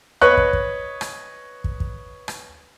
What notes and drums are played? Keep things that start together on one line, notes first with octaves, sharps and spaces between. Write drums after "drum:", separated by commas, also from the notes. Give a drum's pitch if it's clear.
B4 C#5 D#5 C#6 F#6
drum: kick
drum: kick
drum: rim click
drum: kick
drum: kick
drum: rim click